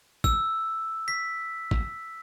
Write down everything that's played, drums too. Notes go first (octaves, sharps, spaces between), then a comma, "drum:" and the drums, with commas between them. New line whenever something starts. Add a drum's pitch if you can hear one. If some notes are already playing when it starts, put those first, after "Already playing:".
E6, drum: kick
B6
drum: kick